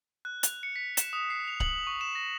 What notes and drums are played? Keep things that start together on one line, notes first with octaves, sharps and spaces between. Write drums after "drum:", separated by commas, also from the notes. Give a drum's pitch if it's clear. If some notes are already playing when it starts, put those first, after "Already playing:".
F#6
F7, drum: hi-hat
C#7
B6
E7, drum: hi-hat
D#6
C7
F7
F#7, drum: kick C#1
C#6
E7
A#6